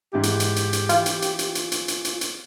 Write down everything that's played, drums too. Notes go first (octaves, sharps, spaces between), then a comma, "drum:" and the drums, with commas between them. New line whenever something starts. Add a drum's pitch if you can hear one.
G#2 E3 E4 G4
drum: hi-hat
drum: hi-hat
drum: hi-hat
drum: hi-hat
E3 F4, drum: hi-hat
drum: hi-hat
drum: hi-hat
drum: hi-hat
drum: hi-hat
drum: hi-hat
drum: hi-hat
drum: hi-hat
drum: hi-hat